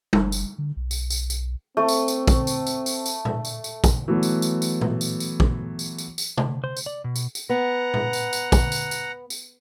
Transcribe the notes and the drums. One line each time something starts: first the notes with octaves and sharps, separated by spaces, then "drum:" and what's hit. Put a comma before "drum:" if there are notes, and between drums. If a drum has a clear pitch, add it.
F#1, drum: tom G3
drum: tambourine
D3
B1
drum: tambourine
drum: tambourine
drum: tambourine
A3 C4
drum: tambourine
drum: tambourine
drum: kick, tambourine
drum: tambourine
drum: tambourine
drum: tambourine
drum: tambourine
drum: tom A2
drum: tambourine
drum: tambourine
drum: kick, tambourine
E3 F#3 A3 B3
drum: tambourine
drum: tambourine
drum: tambourine
drum: tom A2
drum: tambourine
drum: tambourine
drum: kick
drum: tambourine
drum: tambourine
drum: tambourine
drum: tom C3
C5
drum: tambourine
D5
B2
drum: tambourine
drum: tambourine
B3 F#5 A#5
drum: tom A2
drum: tambourine
drum: tambourine
drum: kick, tambourine
drum: tambourine
drum: tambourine
drum: tambourine